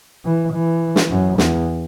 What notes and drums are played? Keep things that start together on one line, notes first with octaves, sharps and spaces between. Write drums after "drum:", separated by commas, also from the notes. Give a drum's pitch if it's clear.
E3
E3
drum: snare
F#2
E2, drum: snare